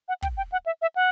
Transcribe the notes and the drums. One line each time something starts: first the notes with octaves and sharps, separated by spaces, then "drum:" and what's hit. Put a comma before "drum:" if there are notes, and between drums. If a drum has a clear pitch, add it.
F#5
G5, drum: kick
G5
F#5
E5
E5
F#5